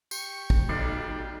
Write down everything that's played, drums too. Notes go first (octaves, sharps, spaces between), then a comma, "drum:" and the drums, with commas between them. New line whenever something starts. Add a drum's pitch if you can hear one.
G4 C#6, drum: tambourine
drum: kick
B1 F4 D5 C7